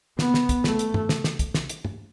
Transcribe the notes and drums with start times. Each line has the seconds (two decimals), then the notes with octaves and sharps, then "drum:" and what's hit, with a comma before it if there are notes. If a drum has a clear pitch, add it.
0.19 B3, drum: snare
0.34 drum: snare
0.49 drum: kick, hi-hat
0.64 A3, drum: snare
0.79 drum: hi-hat
0.94 drum: tom
1.09 drum: snare
1.24 drum: snare
1.39 drum: kick, hi-hat
1.54 drum: snare
1.69 drum: hi-hat
1.85 drum: tom